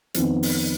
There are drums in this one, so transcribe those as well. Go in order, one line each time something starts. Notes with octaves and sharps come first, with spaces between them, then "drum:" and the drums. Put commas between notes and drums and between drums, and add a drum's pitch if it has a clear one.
F2 D#3 B3, drum: hi-hat
drum: open hi-hat